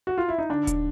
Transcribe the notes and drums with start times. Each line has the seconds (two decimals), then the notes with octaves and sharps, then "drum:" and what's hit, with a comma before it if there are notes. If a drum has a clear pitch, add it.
0.07 F#4
0.18 F4
0.28 E4
0.39 D#4
0.49 D3 D4
0.67 drum: kick D#1, hi-hat